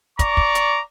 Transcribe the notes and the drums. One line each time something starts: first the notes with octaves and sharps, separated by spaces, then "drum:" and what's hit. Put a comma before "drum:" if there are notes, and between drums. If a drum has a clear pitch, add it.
D5 A#5 C#6 D6, drum: kick, hi-hat
drum: kick
drum: hi-hat